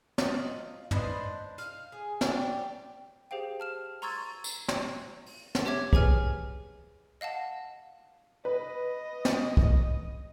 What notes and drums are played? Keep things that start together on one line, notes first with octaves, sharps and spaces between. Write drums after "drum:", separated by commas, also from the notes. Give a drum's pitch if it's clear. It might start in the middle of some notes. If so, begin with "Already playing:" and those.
F4 D#5 F#5, drum: snare
D4 B4 C5 D#5, drum: tom
F5, drum: hi-hat
G#4
G4 D5, drum: snare
G4 G#4 C5 F5 G5
A5 F6 E7
A#5 C6 C#6 E6 G#6 A6, drum: open hi-hat
drum: tambourine
drum: snare
drum: open hi-hat
drum: snare
G4 C#5 E5 D6 G#6
G#4 B4 G#5 F6, drum: kick
D#5 F5 F#5 A5
B4 D#5
drum: snare
drum: kick